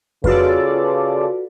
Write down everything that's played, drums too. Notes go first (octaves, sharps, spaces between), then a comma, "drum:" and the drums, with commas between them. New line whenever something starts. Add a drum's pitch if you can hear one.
C#3 F4 F#4 A4 B4 D5, drum: kick F2